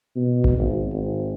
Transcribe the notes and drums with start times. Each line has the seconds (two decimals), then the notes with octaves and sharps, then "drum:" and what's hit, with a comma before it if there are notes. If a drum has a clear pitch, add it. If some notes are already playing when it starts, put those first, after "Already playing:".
0.16 B2
0.44 drum: kick A1
0.58 G#1
0.92 G#1